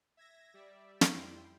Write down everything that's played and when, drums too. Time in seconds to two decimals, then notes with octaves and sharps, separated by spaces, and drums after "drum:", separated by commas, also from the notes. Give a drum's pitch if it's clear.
0.17 E5 G#6 A#6
0.54 G3 D5 E5
1.01 drum: snare
1.13 F2 G3 E4 G5 C6